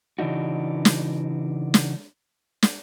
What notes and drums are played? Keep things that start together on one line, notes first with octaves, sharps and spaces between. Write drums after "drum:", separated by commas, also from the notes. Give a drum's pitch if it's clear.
C#3 E3 D4 D#4 F#4
drum: snare
drum: snare
drum: snare